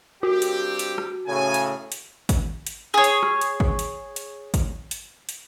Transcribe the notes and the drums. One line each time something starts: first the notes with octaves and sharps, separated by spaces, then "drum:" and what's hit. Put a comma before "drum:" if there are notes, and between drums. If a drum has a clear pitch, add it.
G2 C4 F#4 G4
drum: hi-hat
drum: hi-hat
drum: rim click
A2 C#3 G#5
drum: hi-hat
drum: hi-hat
drum: kick G#1, hi-hat
drum: hi-hat
G#4 C#5
drum: hi-hat
drum: rim click
drum: hi-hat
drum: kick G#1
drum: hi-hat
drum: hi-hat
drum: kick G#1, hi-hat
drum: hi-hat
drum: hi-hat